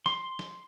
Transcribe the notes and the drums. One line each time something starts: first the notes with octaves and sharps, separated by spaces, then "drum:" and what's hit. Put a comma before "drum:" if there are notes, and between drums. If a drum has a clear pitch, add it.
C6, drum: snare
drum: snare